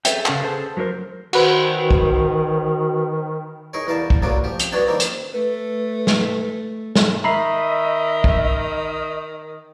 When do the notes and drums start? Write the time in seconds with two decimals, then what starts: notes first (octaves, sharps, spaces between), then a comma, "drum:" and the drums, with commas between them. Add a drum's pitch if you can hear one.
0.05 G#4 A4 B4 C#5 E5 G5, drum: hi-hat
0.26 C#3 C#4 A4 F5 F#5, drum: clap
0.42 G#4 A4 B4 C5 A5
0.77 F#3 A#3 C4 A#4 C5
1.33 D#3 F#4 B4 C5, drum: cymbal
1.91 drum: kick
3.73 D#4 G#4 A#4 C#5
3.87 E2 G3 A#4 F5 A5
4.10 drum: kick
4.22 D2 A#2 F#3 G3 F4 D6
4.44 F3 G4
4.60 drum: hi-hat
4.72 G2 B3 D4 F#4 G#4 A5
4.87 D#3 F3 G3 A#3 C4
5.00 drum: hi-hat
5.33 A3 B4
6.07 drum: snare
6.96 drum: snare
7.24 D#3 D#5 E5 A#5 B5 C7
8.24 drum: kick